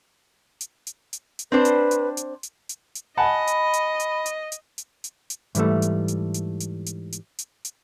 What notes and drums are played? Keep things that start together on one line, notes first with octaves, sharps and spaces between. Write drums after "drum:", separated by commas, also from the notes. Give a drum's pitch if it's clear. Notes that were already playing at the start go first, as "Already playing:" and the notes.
drum: hi-hat
drum: hi-hat
drum: hi-hat
drum: hi-hat
C4 D4 B4 C5
drum: hi-hat
drum: hi-hat
drum: hi-hat
drum: hi-hat
drum: hi-hat
drum: hi-hat
D#5 F#5 G#5 A5 B5
drum: hi-hat
drum: hi-hat
drum: hi-hat
drum: hi-hat
drum: hi-hat
drum: hi-hat
drum: hi-hat
drum: hi-hat
G#2 E3 G3 A3, drum: hi-hat
drum: hi-hat
drum: hi-hat
drum: hi-hat
drum: hi-hat
drum: hi-hat
drum: hi-hat
drum: hi-hat
drum: hi-hat